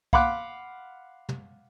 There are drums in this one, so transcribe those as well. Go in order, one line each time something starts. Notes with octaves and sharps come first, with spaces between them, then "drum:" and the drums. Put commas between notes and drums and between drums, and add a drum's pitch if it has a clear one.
F5 F#5 B5 C6 D6 F#6, drum: kick
drum: tom